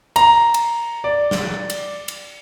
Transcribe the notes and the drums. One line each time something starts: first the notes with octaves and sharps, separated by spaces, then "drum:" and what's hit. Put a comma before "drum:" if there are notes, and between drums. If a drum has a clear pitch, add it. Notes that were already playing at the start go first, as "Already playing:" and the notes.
A#5, drum: cymbal
drum: cymbal
D5
drum: snare
drum: cymbal
drum: cymbal